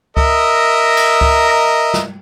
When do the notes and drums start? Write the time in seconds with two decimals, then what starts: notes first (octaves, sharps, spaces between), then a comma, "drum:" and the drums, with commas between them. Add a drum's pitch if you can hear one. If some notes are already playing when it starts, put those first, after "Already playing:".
0.17 A#4 D#5 E5, drum: kick C#2
0.97 drum: cymbal
1.21 drum: kick C#2
1.94 drum: snare